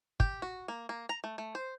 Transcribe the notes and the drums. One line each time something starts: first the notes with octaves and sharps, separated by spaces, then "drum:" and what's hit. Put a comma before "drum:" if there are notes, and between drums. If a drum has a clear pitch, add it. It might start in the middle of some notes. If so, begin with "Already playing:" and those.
G4, drum: kick
F#4
A#3
A#3
A#5
A3
A3
C5